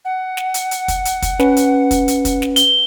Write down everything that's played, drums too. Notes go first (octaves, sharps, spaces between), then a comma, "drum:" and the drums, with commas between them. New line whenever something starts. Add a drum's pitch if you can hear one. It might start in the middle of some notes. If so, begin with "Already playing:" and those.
F#5
drum: snare
drum: hi-hat
drum: hi-hat
drum: kick, hi-hat
drum: hi-hat
drum: kick, hi-hat
C#4 B4, drum: snare
drum: hi-hat
drum: kick, hi-hat
drum: hi-hat
drum: kick, hi-hat
drum: snare
G7, drum: hi-hat